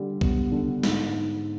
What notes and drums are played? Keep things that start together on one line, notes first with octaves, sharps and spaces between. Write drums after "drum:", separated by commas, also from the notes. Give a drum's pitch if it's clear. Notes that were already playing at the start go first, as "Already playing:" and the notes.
Already playing: D3 G3
B3, drum: kick
D3
G#2, drum: snare